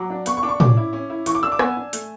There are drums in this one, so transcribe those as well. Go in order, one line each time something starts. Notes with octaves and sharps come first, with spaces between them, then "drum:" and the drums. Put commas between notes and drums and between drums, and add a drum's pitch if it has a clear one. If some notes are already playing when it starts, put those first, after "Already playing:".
Already playing: F#3 D6
D4
B3 C#6, drum: hi-hat
C#6
D4 D6
C#6
C#4 D6, drum: tom
E4
C#4
E4
E3 C#6, drum: hi-hat
D6
D4 E6
D6
B3 G#5, drum: rim click
D4
A3, drum: hi-hat